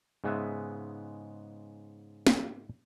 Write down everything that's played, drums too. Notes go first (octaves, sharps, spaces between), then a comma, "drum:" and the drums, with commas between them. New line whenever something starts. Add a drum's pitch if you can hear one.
G#2 C#3 G#3 B3 B4 E5
drum: snare